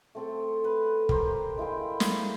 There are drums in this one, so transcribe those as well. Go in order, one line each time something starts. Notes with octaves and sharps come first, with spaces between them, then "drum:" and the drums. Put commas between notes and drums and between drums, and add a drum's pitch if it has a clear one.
A3 C4 A4
B4
G4 A#4 C5, drum: kick
G#3 E4 F5 G5
drum: snare